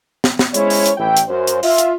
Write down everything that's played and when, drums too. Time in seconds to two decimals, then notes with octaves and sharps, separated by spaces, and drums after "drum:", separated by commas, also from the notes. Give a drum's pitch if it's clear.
0.24 drum: snare
0.39 drum: snare
0.54 G#3 C#4 E4 C5 C#5, drum: hi-hat
0.70 drum: open hi-hat
0.86 drum: hi-hat
0.98 A1 A2 E3 E4 G5
1.17 drum: hi-hat
1.28 F#2 C5
1.47 drum: hi-hat
1.63 F4 E5, drum: open hi-hat
1.78 drum: hi-hat